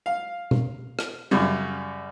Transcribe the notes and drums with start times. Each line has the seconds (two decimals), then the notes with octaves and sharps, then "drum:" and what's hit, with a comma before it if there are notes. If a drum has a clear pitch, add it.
0.06 F5
0.51 drum: tom B2
0.99 drum: rim click
1.31 F#2 C#3 G3